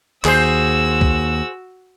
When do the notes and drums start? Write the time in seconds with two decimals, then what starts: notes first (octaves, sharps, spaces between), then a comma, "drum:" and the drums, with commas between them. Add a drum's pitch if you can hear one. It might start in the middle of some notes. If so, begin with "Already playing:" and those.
0.25 D#2 F#4 G#4 C5 E6, drum: clap
1.01 drum: kick C2